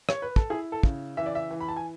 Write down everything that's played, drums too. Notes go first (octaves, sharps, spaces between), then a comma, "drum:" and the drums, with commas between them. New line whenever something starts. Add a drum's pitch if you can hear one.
C#5, drum: rim click
B4
A4, drum: kick
E4 G#4
A4
C#3, drum: kick
E3 E5
D5
E5
E3
B5
A5
G#5